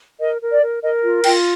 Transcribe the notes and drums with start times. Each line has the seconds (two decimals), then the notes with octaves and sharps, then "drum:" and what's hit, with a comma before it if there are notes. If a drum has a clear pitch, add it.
0.21 A#4 D#5
0.41 A#4
0.52 D5
0.62 A#4
0.83 A#4 D#5
1.03 F4
1.24 F4 G5, drum: cymbal